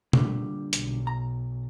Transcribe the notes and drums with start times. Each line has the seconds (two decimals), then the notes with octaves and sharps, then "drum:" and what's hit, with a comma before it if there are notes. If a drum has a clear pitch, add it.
0.13 A#2 D3 G3, drum: tom B2
0.73 B1, drum: hi-hat
1.07 A#5